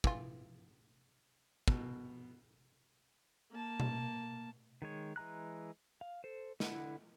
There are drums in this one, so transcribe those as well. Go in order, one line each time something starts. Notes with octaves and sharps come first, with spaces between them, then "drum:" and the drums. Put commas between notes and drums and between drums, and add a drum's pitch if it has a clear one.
E3 F4, drum: kick
B2, drum: kick
A#3 A5
drum: tom B2
D#3 G#3 C#5
E3 G#3 A#5 F#6
F5
A4 C5
D3 E4 F#5, drum: snare